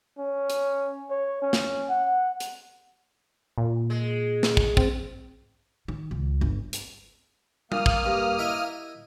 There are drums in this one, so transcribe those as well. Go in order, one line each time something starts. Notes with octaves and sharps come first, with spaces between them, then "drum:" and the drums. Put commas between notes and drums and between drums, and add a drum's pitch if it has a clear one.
C#4
drum: hi-hat
C#5
C#4
drum: snare
F#5
drum: hi-hat
A#2
G#3
drum: snare
drum: kick
C4, drum: kick
D#3
C#2
G1
drum: hi-hat
A#3 D#6 F6, drum: tom G3
drum: kick
G2
E4 D#5 E5